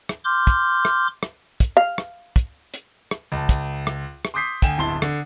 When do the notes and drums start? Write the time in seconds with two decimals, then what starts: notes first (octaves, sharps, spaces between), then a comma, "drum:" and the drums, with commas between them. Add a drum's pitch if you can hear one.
0.09 drum: rim click
0.24 C6 D6 F6 G6
0.47 drum: kick, hi-hat
0.85 drum: rim click
1.23 drum: rim click
1.60 drum: kick, hi-hat
1.77 F5
1.98 drum: rim click
2.36 drum: kick, hi-hat
2.74 drum: hi-hat
3.11 drum: rim click
3.32 C#2 A5
3.49 drum: kick, hi-hat
3.87 drum: rim click
4.25 drum: rim click
4.34 C6 D6 D#6 G6 B6 C7
4.62 D2 G5 G#5 E7, drum: kick, hi-hat
4.78 D1 G1 E4 A5 C6 G7
5.02 D3, drum: rim click